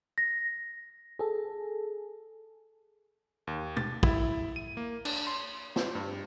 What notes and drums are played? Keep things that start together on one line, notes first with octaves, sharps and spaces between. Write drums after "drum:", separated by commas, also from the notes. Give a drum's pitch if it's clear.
A#6
G#4 A4
D#2
A6, drum: tom
E4, drum: kick
D#7
A#3
D4, drum: cymbal
C6
drum: snare
G2